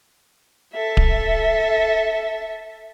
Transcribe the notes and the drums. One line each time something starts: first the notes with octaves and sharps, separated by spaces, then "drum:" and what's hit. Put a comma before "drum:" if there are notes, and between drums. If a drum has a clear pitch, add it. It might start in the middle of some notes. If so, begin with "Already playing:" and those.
A4 E5
drum: kick D1